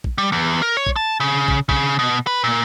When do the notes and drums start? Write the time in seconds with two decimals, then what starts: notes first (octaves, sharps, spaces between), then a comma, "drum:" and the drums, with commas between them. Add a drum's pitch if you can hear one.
0.04 drum: kick
0.18 G3
0.32 E2
0.63 A#4
0.77 C#5
0.87 drum: kick
0.96 A5
1.20 C#3
1.48 drum: kick
1.69 C#3, drum: kick
1.99 B2
2.27 B4
2.44 A#2